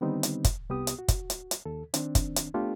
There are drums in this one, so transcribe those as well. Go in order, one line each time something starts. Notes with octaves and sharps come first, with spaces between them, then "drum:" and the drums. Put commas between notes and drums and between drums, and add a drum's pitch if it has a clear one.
D3 D#3 G3 B3 C4 D#4
drum: hi-hat
drum: kick, hi-hat
C2 B3 G4 D#6
drum: hi-hat
F#4
drum: kick, hi-hat
drum: hi-hat
drum: hi-hat
D#2 A4
D#3 C4 D4, drum: hi-hat
drum: kick, hi-hat
drum: hi-hat
A3 B3 D4 F4 G4 A4